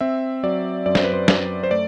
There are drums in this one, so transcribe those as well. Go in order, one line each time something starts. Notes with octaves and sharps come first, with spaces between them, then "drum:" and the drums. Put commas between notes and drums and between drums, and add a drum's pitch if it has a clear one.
C4 E5
F#3 D5
F#2 D5
C5, drum: snare
B4
C5
F#2 D5, drum: snare
C5
A3 D5